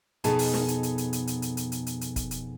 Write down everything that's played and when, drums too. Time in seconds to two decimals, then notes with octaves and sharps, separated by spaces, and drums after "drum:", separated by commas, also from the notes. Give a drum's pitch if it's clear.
0.24 F2 B2 D#4 G#4 A4 A5, drum: hi-hat
0.39 drum: open hi-hat
0.54 drum: snare
0.68 drum: hi-hat
0.83 drum: hi-hat
0.98 drum: hi-hat
1.13 drum: hi-hat
1.27 drum: hi-hat
1.42 drum: hi-hat
1.57 drum: hi-hat
1.72 drum: hi-hat
1.86 drum: hi-hat
2.01 drum: hi-hat
2.16 drum: kick, hi-hat
2.31 drum: hi-hat